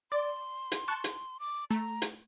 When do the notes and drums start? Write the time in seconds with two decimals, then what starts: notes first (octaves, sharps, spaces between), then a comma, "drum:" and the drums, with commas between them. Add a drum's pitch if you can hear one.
0.12 D5 C6
0.72 drum: hi-hat
0.88 A5 C#6 F#6
1.04 drum: hi-hat
1.40 D6
1.71 A3 A#5
2.02 drum: hi-hat